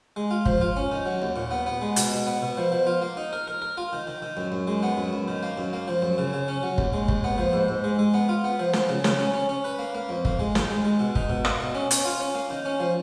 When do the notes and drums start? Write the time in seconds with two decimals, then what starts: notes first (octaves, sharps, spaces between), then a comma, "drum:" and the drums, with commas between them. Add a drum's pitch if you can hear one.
0.16 G#3
0.31 F4
0.46 F3, drum: kick
0.61 F4
0.76 C#4
0.92 D#3
1.06 F#3
1.22 D#2
1.36 A#2
1.51 B3
1.66 B3
1.81 G#3
1.96 B2, drum: hi-hat
2.12 B2
2.27 B3
2.42 B2
2.57 F3
2.72 F3
2.87 F4
3.02 A#3
3.17 D#4
3.33 A#4
3.48 A#4
3.62 A#4
3.77 F4
3.93 D#3
4.07 D#3
4.22 D#3
4.37 F#2
4.52 F#2
4.67 G#3
4.83 B3
4.97 F#2
5.13 F#2
5.28 D#3
5.43 A#3
5.58 F#2
5.73 A#3
5.88 F3
6.02 F#2
6.18 C#3
6.33 C#3
6.48 C#4
6.63 F#3
6.78 D#2, drum: kick
6.93 G#3
7.08 D#2, drum: kick
7.24 B3
7.38 F3
7.53 G#2
7.68 G#2
7.84 G#3
7.99 G#3
8.14 B3
8.29 F4
8.44 B3
8.59 F3
8.73 F3, drum: snare
8.89 C#3
9.04 C#3, drum: snare
9.19 C#4
9.34 C#4
9.49 C#4
9.64 B4
9.79 A#3
9.95 A#3
10.09 F2
10.25 A#3, drum: kick
10.40 G#3
10.55 D#3, drum: snare
10.70 G#3
10.85 G#3
10.99 B2
11.15 D#4, drum: kick
11.30 B2
11.45 A#3, drum: rim click
11.61 B2
11.75 C#4
11.91 C#4, drum: hi-hat
12.05 F4
12.20 C#4
12.35 A#3
12.50 D#3
12.65 C#4
12.80 F3